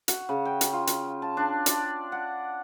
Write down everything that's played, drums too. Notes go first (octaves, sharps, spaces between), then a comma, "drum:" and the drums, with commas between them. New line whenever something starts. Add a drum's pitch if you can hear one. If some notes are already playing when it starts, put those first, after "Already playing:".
F#4, drum: hi-hat
C#3
G5
drum: hi-hat
F4
drum: hi-hat
A5
D4
D5, drum: hi-hat
F#5